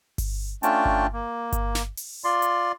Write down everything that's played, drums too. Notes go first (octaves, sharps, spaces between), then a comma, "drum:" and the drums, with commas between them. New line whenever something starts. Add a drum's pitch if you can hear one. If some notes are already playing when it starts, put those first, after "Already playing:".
drum: kick G1, open hi-hat
A3 C#4 D4 F4 G5 A5, drum: hi-hat
drum: kick G1
A#3
drum: kick G1, hi-hat
drum: snare
drum: open hi-hat
F4 D5 C6
drum: hi-hat